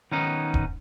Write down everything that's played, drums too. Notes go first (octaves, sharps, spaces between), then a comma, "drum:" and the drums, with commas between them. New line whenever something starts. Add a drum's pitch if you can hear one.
D#3 B3 C#4 D#4
drum: kick